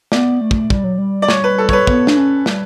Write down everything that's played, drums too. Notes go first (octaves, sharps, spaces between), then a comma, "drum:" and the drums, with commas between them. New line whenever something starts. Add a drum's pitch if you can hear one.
B3 D5, drum: snare
A3
drum: kick
G3, drum: kick
F#3
G3
D5
C#5, drum: snare
B4
A4
C#5, drum: kick
B4
B3 C#5, drum: kick
D4, drum: snare
C#4
G3, drum: snare